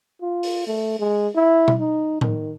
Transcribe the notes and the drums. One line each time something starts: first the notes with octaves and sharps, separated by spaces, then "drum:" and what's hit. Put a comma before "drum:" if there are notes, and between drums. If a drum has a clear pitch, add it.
F4
drum: open hi-hat
A3
G#3
E4
drum: tom B2
D#4
D#3, drum: tom A2